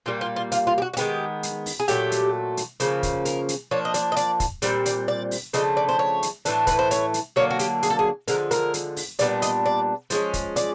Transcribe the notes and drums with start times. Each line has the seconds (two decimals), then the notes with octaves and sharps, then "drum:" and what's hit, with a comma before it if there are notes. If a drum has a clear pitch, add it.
0.06 A#2 G3 A#3 F4
0.21 F4
0.36 F4
0.52 F4, drum: hi-hat
0.67 F4
0.78 G4
0.82 F#4
0.94 F#4
0.97 D#3 G#3 B3 G4, drum: hi-hat
1.43 drum: hi-hat
1.66 drum: open hi-hat
1.80 G#4
1.88 A#2 F#3 A3 G4, drum: hi-hat
2.12 drum: hi-hat
2.57 drum: hi-hat
2.80 C#3 F3 A#3 C#4, drum: hi-hat
3.03 drum: kick, hi-hat
3.25 A#4, drum: hi-hat
3.49 drum: hi-hat
3.71 F3 A#3 D4 C#5
3.85 D#5
3.94 D5, drum: hi-hat
4.12 D#5
4.17 D5, drum: hi-hat
4.40 drum: kick, hi-hat
4.62 A#2 G3 C4 D5, drum: hi-hat
4.86 D5, drum: hi-hat
5.08 D5
5.31 drum: open hi-hat
5.53 C#3 F3 A3 D4 D#5, drum: hi-hat
5.77 D5
5.89 C5
5.99 C#5
6.23 drum: hi-hat
6.45 A2 E3 A3 D4, drum: hi-hat
6.67 B4, drum: kick, hi-hat
6.79 C5
6.91 C#5, drum: hi-hat
7.14 drum: hi-hat
7.36 D3 F#3 A#3 D4 C#5
7.50 F#4
7.59 G4, drum: hi-hat
7.83 G#4, drum: hi-hat
7.90 A4
7.99 G#4
8.28 D3 F3 G#3 A#4, drum: hi-hat
8.51 A#4, drum: hi-hat
8.74 drum: hi-hat
8.96 drum: open hi-hat
9.19 A#2 G3 B3 D4 D5, drum: hi-hat
9.42 D#5, drum: hi-hat
9.66 D5
10.10 F3 G#3 C#4, drum: hi-hat
10.33 drum: kick, hi-hat
10.56 D5, drum: hi-hat